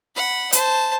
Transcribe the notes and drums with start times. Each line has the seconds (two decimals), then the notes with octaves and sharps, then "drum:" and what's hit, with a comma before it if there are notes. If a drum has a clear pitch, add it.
0.15 F#5 B5
0.52 C5 A5, drum: hi-hat